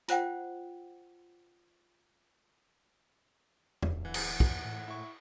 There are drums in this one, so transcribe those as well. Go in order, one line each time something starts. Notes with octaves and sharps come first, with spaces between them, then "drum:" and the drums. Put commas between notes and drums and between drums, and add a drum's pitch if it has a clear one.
F4 C5 F#5 G5, drum: hi-hat
D1, drum: tom E2
E3 F#5
drum: cymbal
D#2, drum: kick
A2
E4 C#6